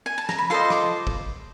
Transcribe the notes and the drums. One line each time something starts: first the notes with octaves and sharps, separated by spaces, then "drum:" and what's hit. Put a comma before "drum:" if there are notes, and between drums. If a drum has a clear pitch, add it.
G#5
A5
A#5, drum: snare
B5
F4 A4 C5 D#5 C6
D6, drum: snare
drum: kick